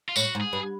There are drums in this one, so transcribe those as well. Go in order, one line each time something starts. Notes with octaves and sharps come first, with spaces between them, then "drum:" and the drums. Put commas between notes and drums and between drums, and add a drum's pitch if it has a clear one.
F4
A2 F#4, drum: tambourine
G#2
G#4
G2